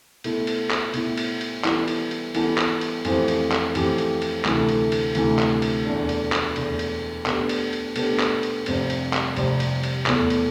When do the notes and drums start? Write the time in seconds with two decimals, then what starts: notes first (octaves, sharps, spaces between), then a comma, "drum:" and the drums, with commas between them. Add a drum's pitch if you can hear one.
0.24 B2 A3 E4, drum: cymbal
0.47 drum: cymbal
0.71 drum: clap
0.94 B2 A3 E4, drum: cymbal
1.17 drum: cymbal
1.41 drum: cymbal
1.64 E3 G3 B3 E4 A4, drum: clap
1.88 drum: cymbal
2.11 drum: cymbal
2.35 E3 G3 B3 E4 A4, drum: cymbal
2.58 drum: clap
2.81 drum: cymbal
3.05 F2 E3 A3 C4 G4, drum: cymbal
3.28 drum: cymbal
3.52 drum: clap
3.75 F2 E3 A3 C4 G4, drum: cymbal
3.98 drum: cymbal
4.22 drum: cymbal
4.45 D2 C3 E3 A3, drum: clap
4.69 drum: cymbal
4.92 drum: cymbal
5.15 D2 C3 E3 A3, drum: cymbal
5.39 drum: clap
5.62 drum: cymbal
5.85 E2 B2 A3 D4
6.09 drum: cymbal
6.32 drum: clap
6.56 E2 B2 A3 D4, drum: cymbal
6.79 drum: cymbal
7.26 B2 A3 D4 G4 B4, drum: clap
7.49 drum: cymbal
7.73 drum: cymbal
7.96 B2 A3 D4 G4 B4, drum: cymbal
8.20 drum: clap
8.43 drum: cymbal
8.66 F1 F2 C3 G3 C4, drum: cymbal
8.90 drum: cymbal
9.13 drum: clap
9.37 F1 F2 C3 G3 C4, drum: cymbal
9.60 drum: cymbal
9.83 drum: cymbal
10.06 E2 B2 A3, drum: clap
10.30 drum: cymbal